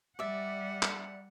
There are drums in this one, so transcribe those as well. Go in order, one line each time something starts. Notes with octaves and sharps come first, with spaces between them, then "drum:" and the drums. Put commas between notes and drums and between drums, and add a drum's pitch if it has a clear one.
G3 D5 E5 F#5
drum: clap